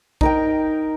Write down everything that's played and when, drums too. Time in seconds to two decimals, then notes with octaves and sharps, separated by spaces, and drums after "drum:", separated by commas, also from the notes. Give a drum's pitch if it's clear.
0.21 D#4 A#4 G5, drum: kick A#1